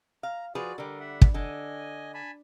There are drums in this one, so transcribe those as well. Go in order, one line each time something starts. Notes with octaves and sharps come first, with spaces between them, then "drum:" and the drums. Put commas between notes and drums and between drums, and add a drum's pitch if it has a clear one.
F5 A#5
F3 F#4 G#4 B4 D5
D3 G3 A#4
E5 F#5
drum: kick
D3 D#5 G#5
G#5 A5 B5